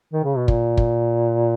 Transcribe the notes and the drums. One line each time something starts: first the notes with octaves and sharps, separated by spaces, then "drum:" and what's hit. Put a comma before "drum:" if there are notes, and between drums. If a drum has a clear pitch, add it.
D#3
C#3
B2
A#2, drum: kick
drum: kick